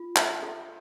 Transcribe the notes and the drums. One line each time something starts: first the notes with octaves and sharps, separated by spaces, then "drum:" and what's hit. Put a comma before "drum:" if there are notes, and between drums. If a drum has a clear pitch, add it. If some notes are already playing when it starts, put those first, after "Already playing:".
Already playing: F4
E5, drum: clap
A4